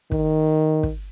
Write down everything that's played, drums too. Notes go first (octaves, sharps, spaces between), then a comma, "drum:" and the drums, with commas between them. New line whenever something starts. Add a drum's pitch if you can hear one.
D#3, drum: kick
drum: kick